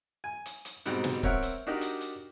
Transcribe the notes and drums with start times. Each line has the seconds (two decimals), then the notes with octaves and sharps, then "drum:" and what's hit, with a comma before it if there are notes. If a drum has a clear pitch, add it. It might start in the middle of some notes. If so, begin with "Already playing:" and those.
0.24 G#5
0.46 drum: hi-hat
0.65 drum: hi-hat
0.86 G#2 B2 G3 C4 G5 A#5, drum: hi-hat
1.04 drum: snare
1.23 C4 A#4 C#5 E5 F#5, drum: kick C#1
1.43 drum: hi-hat
1.67 D4 D#4 F#4 G4 A#4
1.81 drum: hi-hat
2.01 drum: hi-hat